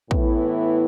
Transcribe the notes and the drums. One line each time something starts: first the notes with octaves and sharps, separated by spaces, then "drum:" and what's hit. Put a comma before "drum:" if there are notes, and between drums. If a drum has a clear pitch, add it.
A2 E3 B3 E4, drum: kick